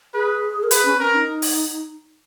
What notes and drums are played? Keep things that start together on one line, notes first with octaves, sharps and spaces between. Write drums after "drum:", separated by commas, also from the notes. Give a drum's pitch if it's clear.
G#4 B4
A#4
G#4 B4, drum: hi-hat
C#4
C#4 A#4
D#4
drum: open hi-hat